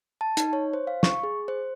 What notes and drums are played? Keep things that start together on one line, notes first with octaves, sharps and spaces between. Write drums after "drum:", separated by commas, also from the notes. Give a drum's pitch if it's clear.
A5
D#4, drum: hi-hat
C#5
C5
F5
C#6, drum: snare
G#4
C5